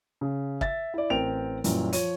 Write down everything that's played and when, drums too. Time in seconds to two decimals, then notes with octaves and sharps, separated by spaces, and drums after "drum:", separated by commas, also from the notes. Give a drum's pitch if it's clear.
0.21 C#3
0.61 E5 A6, drum: kick
0.94 E4 D5
1.10 A1 C4 A#4 G5 D7 F7
1.64 F#2 A#2 E3 G3, drum: hi-hat
1.93 F3 C#5 D#7, drum: hi-hat